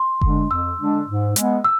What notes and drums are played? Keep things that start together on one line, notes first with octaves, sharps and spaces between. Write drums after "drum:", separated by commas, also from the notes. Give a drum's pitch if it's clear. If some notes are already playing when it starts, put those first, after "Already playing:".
Already playing: C6
D3 G#3 D4, drum: kick F#1
F2 E6
D3 G#3 D4
G#2
G#3 B3, drum: hi-hat
E6